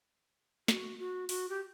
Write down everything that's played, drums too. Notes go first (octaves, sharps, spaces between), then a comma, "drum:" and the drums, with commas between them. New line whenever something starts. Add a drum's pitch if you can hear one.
F#4, drum: snare
F#4
F#4, drum: open hi-hat
G4